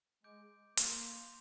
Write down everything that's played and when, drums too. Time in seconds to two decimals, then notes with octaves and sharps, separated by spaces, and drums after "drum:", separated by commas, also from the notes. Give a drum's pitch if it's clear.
0.24 G#3 D6 G6 D7
0.77 A#3 C6 G6 A#6 F7, drum: hi-hat